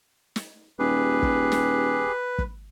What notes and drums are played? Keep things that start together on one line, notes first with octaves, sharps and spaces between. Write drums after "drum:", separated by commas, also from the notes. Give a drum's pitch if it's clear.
drum: snare
D#1 G4 G#4 B4
drum: kick
drum: snare
drum: kick